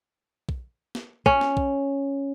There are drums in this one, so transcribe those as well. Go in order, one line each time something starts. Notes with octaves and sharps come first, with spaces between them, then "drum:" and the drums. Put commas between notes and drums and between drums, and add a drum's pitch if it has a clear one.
drum: kick
drum: snare
C#4, drum: kick
drum: snare
drum: kick